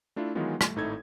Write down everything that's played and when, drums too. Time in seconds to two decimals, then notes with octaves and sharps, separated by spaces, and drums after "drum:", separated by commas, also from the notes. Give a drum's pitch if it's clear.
0.16 A3 D4 E4 F4
0.35 D#3 E3 F#3 G#3 B3 F4
0.61 A3, drum: rim click
0.76 G#1 A2 D#4 E4 A4 G#6